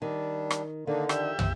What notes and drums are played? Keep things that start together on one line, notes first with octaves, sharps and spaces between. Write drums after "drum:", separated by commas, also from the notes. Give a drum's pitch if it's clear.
D#3 G3 D4
drum: rim click
D3 D#3 A#3 D4 D#4
F2 G4 E5, drum: rim click
drum: tom